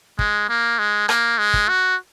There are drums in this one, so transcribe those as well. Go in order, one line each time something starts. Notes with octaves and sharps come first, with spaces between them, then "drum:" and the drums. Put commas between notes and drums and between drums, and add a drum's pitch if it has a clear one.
G#3, drum: kick
A#3
G#3
A#3, drum: rim click
G#3
drum: kick
F#4